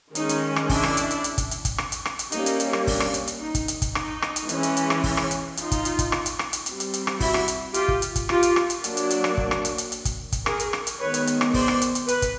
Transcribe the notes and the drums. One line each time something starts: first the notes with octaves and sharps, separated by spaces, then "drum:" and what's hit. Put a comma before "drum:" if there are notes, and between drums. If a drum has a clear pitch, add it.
D#3 G#3 C#4 D#4, drum: hi-hat
drum: hi-hat
drum: rim click
D4 E4, drum: kick, open hi-hat
drum: rim click
drum: hi-hat
drum: hi-hat
drum: hi-hat
drum: kick, hi-hat
drum: hi-hat
drum: kick, hi-hat
drum: rim click
drum: hi-hat
drum: rim click
drum: hi-hat
G3 A#3 C#4 D#4, drum: hi-hat
drum: hi-hat
drum: hi-hat
drum: rim click
D4, drum: kick, open hi-hat
drum: rim click
drum: hi-hat
drum: hi-hat
D#4
drum: kick, hi-hat
drum: hi-hat
drum: kick, hi-hat
D#4, drum: rim click
drum: rim click
drum: hi-hat
E3 G#3 C#4, drum: hi-hat
drum: hi-hat
drum: hi-hat
drum: rim click
drum: kick, open hi-hat
drum: rim click
drum: hi-hat
D#4 F4, drum: hi-hat
drum: kick, hi-hat
drum: hi-hat
drum: kick, hi-hat
drum: rim click
drum: hi-hat
drum: rim click
drum: hi-hat
G3 C4, drum: hi-hat
drum: hi-hat
drum: hi-hat
drum: rim click
E4 F#4, drum: kick, open hi-hat
drum: rim click
drum: hi-hat
F4 G4, drum: hi-hat
drum: kick
drum: hi-hat
drum: kick, hi-hat
F4 G4, drum: rim click
drum: hi-hat
drum: rim click
drum: hi-hat
F#3 A#3 D4, drum: hi-hat
drum: hi-hat
drum: hi-hat
drum: rim click
drum: kick
drum: rim click
drum: hi-hat
drum: hi-hat
drum: hi-hat
drum: kick, hi-hat
drum: kick, hi-hat
G#4 A#4, drum: rim click
drum: hi-hat
drum: rim click
drum: hi-hat
D#3 G#3 B3 B4 C#5
drum: hi-hat
drum: hi-hat
drum: rim click
C5 D5, drum: kick, open hi-hat
drum: rim click
drum: hi-hat
drum: hi-hat
B4, drum: hi-hat
drum: kick, hi-hat